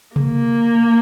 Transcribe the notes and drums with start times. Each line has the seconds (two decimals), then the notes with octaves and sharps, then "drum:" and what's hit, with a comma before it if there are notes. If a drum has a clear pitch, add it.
0.16 A#3, drum: tom C3